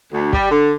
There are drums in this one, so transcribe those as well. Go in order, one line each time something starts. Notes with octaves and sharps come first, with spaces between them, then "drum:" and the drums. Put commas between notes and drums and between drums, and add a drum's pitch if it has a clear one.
D2
G3, drum: kick
D3